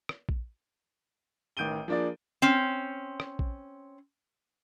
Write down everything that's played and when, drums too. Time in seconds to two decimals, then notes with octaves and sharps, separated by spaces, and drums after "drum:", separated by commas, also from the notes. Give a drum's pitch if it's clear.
0.09 drum: rim click
0.29 drum: kick A#1
1.57 A1 D#3 G6 D7 D#7 G7
1.88 F3 A#3 D4 G#4 D5
2.42 C4 C#4
3.20 drum: rim click
3.39 drum: kick A#1